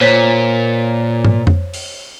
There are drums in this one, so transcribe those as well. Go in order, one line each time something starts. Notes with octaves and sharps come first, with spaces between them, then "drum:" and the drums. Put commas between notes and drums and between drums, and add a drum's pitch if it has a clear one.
A#2 C5 C#5 B6
drum: tom
drum: tom F2
drum: open hi-hat